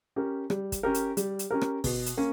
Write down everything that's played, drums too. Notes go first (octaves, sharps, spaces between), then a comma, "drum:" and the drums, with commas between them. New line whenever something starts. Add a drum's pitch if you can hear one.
C#4 G4 A#4
G3, drum: rim click
drum: kick, hi-hat
C#4 G4 A#4
drum: hi-hat
G3, drum: hi-hat
drum: hi-hat
C#4 G4 A#4
drum: rim click
B2, drum: kick, open hi-hat
drum: hi-hat
A#3 C#4